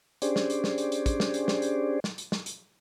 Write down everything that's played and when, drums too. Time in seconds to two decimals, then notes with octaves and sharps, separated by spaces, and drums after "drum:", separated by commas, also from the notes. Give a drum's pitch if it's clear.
0.22 C#4 D4 G4 G#4 C5 D5, drum: hi-hat
0.36 drum: snare
0.50 drum: hi-hat
0.64 drum: snare
0.78 drum: hi-hat
0.92 drum: hi-hat
1.06 drum: kick, hi-hat
1.20 drum: snare
1.34 drum: hi-hat
1.48 drum: snare
1.62 drum: hi-hat
2.04 drum: snare
2.18 drum: hi-hat
2.32 drum: snare
2.46 drum: hi-hat